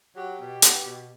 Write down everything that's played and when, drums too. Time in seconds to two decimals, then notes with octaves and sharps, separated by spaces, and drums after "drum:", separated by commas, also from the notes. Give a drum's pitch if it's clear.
0.16 F#3 G4
0.39 B2
0.62 B3, drum: hi-hat
0.84 B2